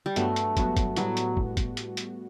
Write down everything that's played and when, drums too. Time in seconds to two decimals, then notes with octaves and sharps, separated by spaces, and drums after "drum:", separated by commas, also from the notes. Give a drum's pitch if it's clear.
0.06 G3
0.16 G2 F#3 A3 B3 F#4, drum: hi-hat
0.36 drum: hi-hat
0.57 G2 F#3 B3 F#4, drum: kick, hi-hat
0.77 drum: kick, hi-hat
0.96 A2 F#3 G3 B3 F#4, drum: hi-hat
1.17 drum: hi-hat
1.37 drum: kick
1.57 drum: kick, hi-hat
1.77 drum: hi-hat
1.97 drum: hi-hat